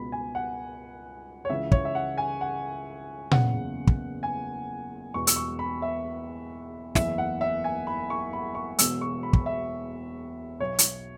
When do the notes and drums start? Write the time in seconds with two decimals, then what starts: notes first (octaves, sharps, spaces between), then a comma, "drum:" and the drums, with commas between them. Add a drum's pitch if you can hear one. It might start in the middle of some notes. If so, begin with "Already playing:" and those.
Already playing: C#2 B2 B5
0.12 G#5
0.35 F#5
1.45 C#5
1.49 C#2 C#3 E3 E5
1.72 C#5, drum: kick
1.85 E5
1.95 F#5
2.18 G#5
2.41 F#5
3.31 F#1 E2 C#3 F#5, drum: tom A#2
3.87 drum: kick
4.23 G#5
5.14 E1 E2 B2 C#6
5.27 E6, drum: hi-hat
5.36 C#6
5.59 B5
5.82 E5
6.95 F#1 E2 E3 E5, drum: snare
7.18 F#5
7.41 E5
7.64 G#5
7.87 B5
8.10 C#6
8.33 B5
8.55 C#6
8.79 E1 E2 B2 E6, drum: hi-hat
9.01 C#6
9.23 B5
9.33 drum: kick
9.46 E5
10.60 B1 B2 C#5
10.79 drum: hi-hat